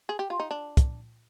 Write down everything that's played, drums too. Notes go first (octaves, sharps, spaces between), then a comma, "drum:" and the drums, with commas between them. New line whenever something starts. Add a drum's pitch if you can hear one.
G#4
G4
F4
D#4
D4
drum: kick, hi-hat